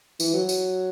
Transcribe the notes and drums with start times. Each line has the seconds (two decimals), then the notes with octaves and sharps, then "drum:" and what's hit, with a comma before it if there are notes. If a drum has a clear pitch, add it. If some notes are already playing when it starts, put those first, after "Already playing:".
0.20 E3, drum: tambourine
0.34 F#3
0.49 drum: tambourine